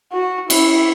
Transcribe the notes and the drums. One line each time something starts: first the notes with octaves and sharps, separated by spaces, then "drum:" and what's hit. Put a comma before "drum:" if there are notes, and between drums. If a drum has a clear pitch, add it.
F#4
E4, drum: cymbal